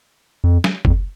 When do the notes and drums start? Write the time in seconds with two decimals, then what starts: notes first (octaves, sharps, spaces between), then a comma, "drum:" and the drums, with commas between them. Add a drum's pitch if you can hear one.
0.44 F2
0.64 drum: snare
0.85 F2, drum: kick